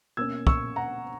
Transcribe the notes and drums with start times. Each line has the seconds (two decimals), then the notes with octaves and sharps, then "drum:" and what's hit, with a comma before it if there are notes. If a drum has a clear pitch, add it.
0.17 B2 A#3 C#4 E6 G#6
0.47 C#6 E6, drum: kick
0.76 F#5 A#5